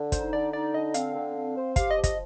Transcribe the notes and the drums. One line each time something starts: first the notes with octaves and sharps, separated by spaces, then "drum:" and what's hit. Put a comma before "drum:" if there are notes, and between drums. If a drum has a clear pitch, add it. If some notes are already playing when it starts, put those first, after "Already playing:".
Already playing: D3
D#4 C5, drum: kick, hi-hat
D3 D5
D#4 D5
D3 D#5
C4 F5, drum: hi-hat
D3
C4
C5
G4 F5, drum: kick, hi-hat
D#5
F3
D#5, drum: kick, hi-hat